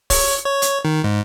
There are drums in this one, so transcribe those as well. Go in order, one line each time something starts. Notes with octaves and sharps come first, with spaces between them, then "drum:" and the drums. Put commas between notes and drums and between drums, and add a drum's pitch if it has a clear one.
C#5, drum: kick, open hi-hat
C#5
drum: hi-hat
D#3
G#2